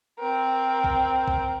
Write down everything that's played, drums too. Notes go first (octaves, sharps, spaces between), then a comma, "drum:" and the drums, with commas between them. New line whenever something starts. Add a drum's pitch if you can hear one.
C4 A#4
drum: kick B1
drum: kick B1